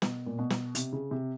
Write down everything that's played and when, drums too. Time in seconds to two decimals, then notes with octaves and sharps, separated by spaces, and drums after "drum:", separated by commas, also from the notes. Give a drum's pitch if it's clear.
0.02 B2, drum: snare
0.26 A#2
0.39 B2
0.50 drum: snare
0.75 C3, drum: hi-hat
0.93 C#3
1.11 C3